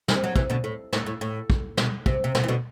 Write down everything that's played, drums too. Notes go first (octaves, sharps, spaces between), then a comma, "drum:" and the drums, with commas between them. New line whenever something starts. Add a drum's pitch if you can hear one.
C3, drum: snare
F#3
C3 E3, drum: kick
B2 D3
A2
A2, drum: snare
A2
A2
drum: kick
B2, drum: snare
C3, drum: kick
C3
B2 D3, drum: snare
E3
B2 D3